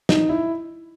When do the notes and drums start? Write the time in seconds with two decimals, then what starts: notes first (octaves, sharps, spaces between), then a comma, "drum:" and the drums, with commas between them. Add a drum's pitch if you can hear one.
0.09 D#4, drum: snare
0.29 E4